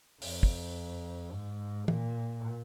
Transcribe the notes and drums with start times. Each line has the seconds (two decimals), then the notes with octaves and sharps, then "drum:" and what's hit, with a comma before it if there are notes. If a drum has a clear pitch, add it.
0.22 F2, drum: open hi-hat
0.43 drum: kick
1.33 G#2
1.88 A#2, drum: tom E3